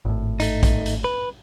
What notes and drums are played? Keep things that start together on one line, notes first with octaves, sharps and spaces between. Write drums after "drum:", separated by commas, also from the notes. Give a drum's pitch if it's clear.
G#1 A2
A3 D#4, drum: hi-hat
drum: kick A#1, hi-hat
drum: hi-hat
B4